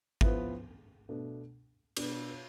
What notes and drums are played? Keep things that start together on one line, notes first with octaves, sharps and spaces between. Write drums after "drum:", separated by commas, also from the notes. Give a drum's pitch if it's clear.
F3 B3 E4, drum: kick
B2 A3 D4
B2 B3 D4, drum: cymbal